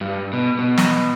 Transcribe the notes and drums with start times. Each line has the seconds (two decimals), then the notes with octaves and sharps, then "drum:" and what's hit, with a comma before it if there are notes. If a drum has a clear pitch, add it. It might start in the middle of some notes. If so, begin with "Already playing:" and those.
0.01 G2
0.33 B2
0.59 B2
0.77 drum: snare